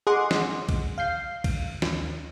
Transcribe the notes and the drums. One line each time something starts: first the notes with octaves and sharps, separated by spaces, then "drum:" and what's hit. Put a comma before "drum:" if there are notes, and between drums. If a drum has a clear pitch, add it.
G#4 D#5 F#5 C6 D6
drum: snare
drum: kick B1, cymbal
F5 G6 C7
drum: kick B1, cymbal
D#2, drum: snare